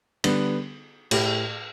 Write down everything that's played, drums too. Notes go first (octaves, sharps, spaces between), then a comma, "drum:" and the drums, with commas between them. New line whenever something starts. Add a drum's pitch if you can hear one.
D3 G3 B3, drum: cymbal
A2 A3 G4, drum: cymbal